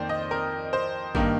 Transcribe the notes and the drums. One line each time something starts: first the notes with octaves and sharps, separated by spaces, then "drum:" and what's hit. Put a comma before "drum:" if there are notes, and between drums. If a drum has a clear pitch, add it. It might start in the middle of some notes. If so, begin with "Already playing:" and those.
Already playing: F2 D#3 A#3 C5 D5
D#5
A#4
C5
G2 D#3 A#3 D#4, drum: kick G#1